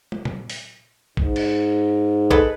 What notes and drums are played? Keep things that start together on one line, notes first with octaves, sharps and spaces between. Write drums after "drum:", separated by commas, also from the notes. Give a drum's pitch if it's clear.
drum: tom
drum: tom A#2
drum: open hi-hat
G#2, drum: kick A#1
drum: cymbal
G#3 A4 B4, drum: kick A#1